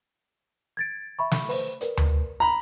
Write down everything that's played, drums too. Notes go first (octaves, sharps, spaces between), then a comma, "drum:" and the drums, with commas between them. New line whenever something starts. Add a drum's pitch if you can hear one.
G#6 A6 D7
E5 B5 C#6
drum: snare
B4 C5, drum: open hi-hat
A#4 B4 D5, drum: hi-hat
drum: tom D2
A#5 B5